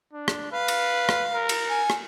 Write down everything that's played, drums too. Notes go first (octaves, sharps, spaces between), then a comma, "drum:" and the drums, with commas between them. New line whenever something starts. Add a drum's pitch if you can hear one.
D4
drum: rim click
B4 F5
drum: cymbal
drum: rim click
A#4
drum: cymbal
G#5
drum: rim click